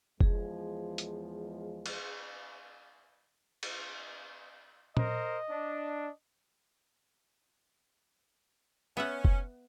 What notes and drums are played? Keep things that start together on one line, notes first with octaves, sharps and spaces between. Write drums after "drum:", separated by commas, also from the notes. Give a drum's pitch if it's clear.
E2 F3 G#3 G#4, drum: kick F1
drum: hi-hat
drum: cymbal
drum: cymbal
A#4 C5 D#5, drum: tom
D4
B3 C#4 E5 F#5
drum: kick F1